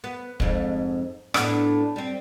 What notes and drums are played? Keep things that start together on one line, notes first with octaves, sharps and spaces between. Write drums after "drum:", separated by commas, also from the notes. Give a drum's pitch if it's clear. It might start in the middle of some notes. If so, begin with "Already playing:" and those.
B3
F2 G#2, drum: kick
A2 B3 D4, drum: rim click
G3 C4